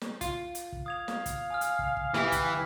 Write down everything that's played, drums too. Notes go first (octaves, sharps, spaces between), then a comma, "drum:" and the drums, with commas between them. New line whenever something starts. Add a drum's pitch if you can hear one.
drum: snare
F4, drum: kick, hi-hat
drum: hi-hat
drum: kick
F5 D#6 G#6 F7
drum: snare
drum: kick, hi-hat
G#5 D#6 F6
drum: hi-hat
drum: kick
drum: kick
E3 E4 G4 B4 F6 B6, drum: snare
drum: kick, hi-hat